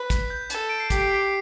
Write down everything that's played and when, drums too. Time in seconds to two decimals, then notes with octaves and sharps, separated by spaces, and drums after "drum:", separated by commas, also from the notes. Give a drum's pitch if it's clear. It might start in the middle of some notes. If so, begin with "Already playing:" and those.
Already playing: B4
0.10 B6, drum: kick, hi-hat
0.30 G6
0.50 A4, drum: hi-hat
0.69 D7
0.80 C7
0.90 G4 B6, drum: kick, hi-hat
1.02 C7
1.11 B6